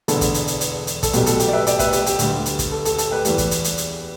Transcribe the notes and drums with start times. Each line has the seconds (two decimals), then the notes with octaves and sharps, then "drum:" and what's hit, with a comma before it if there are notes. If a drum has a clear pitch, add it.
0.08 E1 E2 D3 A4, drum: hi-hat
0.21 drum: kick, hi-hat
0.34 drum: hi-hat
0.47 drum: hi-hat
0.61 drum: hi-hat
0.87 drum: hi-hat
1.03 A4, drum: kick, hi-hat
1.13 B1 B2 G3 G4, drum: hi-hat
1.26 A4, drum: hi-hat
1.40 G4, drum: hi-hat
1.49 D5
1.53 B4 E5
1.67 D5 G5, drum: hi-hat
1.79 B4 E5, drum: kick, hi-hat
1.93 G4 B4, drum: hi-hat
2.06 G4, drum: hi-hat
2.19 D2 D3 G3, drum: hi-hat
2.46 drum: hi-hat
2.59 drum: kick, hi-hat
2.72 A4
2.85 A4, drum: hi-hat
2.98 A4, drum: hi-hat
3.11 G4 B4
3.25 E2 E3 G3, drum: hi-hat
3.38 drum: kick, hi-hat
3.51 drum: hi-hat
3.64 drum: hi-hat
3.78 drum: hi-hat